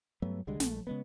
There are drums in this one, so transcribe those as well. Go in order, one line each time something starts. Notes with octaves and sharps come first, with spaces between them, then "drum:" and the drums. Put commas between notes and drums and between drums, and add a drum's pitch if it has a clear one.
G2 F#3 A3 B3
C2 D3 G3 G#3
A#1 A3, drum: snare
C#3 G#3 B3